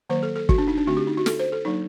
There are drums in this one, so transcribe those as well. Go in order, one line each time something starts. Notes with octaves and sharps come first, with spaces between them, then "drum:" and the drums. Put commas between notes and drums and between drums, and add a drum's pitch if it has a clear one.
D#3 F#3 A#3 C5
A4
A4
F#4, drum: kick
D4
D#4
D4
D3 A3 C4 F#4
G4
D#4
F#4
A4, drum: snare
C5
A4
F#3 A#3 D4 D#4